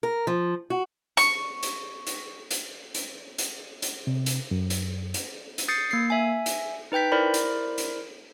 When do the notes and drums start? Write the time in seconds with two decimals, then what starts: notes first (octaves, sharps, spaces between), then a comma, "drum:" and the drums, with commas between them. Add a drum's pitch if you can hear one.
0.03 A#4
0.27 F3
0.70 F#4
1.17 C#6, drum: hi-hat
1.63 drum: hi-hat
2.07 drum: hi-hat
2.51 drum: hi-hat
2.94 drum: hi-hat
3.38 drum: hi-hat
3.82 drum: hi-hat
4.07 C3
4.26 drum: hi-hat
4.51 F#2
4.70 drum: hi-hat
5.14 drum: hi-hat
5.58 drum: hi-hat
5.68 D#6 G6 A6 C7 C#7
5.91 A#3 C7
6.10 E5 G#5
6.46 drum: hi-hat
6.92 D#4 B4 G5 G6 B6
7.12 E4 A#4 C5 D5 B5
7.34 drum: hi-hat
7.78 drum: hi-hat